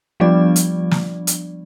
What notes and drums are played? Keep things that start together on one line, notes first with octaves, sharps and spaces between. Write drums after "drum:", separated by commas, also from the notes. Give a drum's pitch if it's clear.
F3 G3 B3 D4 D5
drum: hi-hat
drum: snare
drum: hi-hat